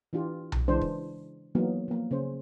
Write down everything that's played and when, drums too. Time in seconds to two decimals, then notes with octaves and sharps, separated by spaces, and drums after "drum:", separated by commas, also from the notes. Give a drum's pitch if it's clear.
0.13 E3 D4 F4 G4
0.52 drum: tom B1
0.68 C#3 E3 G#3 D4 C5
0.81 drum: kick
1.55 E3 F#3 A#3 B3 D#4
1.88 F3 A#3
2.11 C#3 C#4 C5